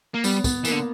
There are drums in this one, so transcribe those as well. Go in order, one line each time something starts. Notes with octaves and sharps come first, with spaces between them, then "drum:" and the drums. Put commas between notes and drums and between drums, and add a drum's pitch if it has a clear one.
A#3
G3 B3, drum: tambourine
B3, drum: kick, tambourine
E3 A#3, drum: tambourine
D3